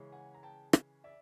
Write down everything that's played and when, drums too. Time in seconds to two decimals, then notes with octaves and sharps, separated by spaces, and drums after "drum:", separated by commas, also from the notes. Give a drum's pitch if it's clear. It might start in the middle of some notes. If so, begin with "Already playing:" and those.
Already playing: C#3 E3 G#3 C#4
0.12 F#5 G#5
0.34 A#5
0.43 G5 A5
0.73 drum: rim click
1.04 D5 E5